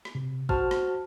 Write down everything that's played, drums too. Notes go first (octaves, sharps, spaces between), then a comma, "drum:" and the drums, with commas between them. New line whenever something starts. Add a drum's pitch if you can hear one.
drum: rim click
C3
F#4 C5 A5 F6, drum: kick A1
drum: rim click